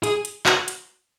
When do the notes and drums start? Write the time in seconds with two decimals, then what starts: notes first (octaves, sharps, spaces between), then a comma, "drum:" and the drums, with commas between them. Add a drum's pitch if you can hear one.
0.03 G#4, drum: hi-hat
0.25 drum: hi-hat
0.46 F#4, drum: clap
0.68 drum: hi-hat